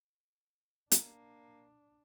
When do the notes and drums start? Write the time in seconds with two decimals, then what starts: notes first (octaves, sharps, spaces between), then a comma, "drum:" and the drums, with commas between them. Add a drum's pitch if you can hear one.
0.92 A#3 D4, drum: hi-hat